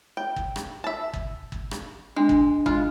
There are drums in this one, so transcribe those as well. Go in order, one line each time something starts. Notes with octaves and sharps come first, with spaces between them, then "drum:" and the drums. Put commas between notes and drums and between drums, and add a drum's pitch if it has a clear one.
G5
drum: kick
drum: rim click
E5 A5
drum: kick
drum: kick
drum: rim click
G#3 D4
drum: kick
G#3 F4, drum: kick